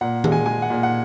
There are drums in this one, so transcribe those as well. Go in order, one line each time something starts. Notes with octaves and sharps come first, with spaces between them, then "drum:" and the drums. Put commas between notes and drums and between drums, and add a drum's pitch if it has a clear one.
A#2 F#5
G#3, drum: tom D#3
G#5
G#3 G#5
F#5
A#2
F#5